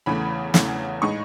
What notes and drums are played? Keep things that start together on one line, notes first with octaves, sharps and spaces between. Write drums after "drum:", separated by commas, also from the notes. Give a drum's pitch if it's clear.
E2 C#3 E3 A3 B5
E2 C#3 E3 A3, drum: snare
A2 G#3 D#4 C#6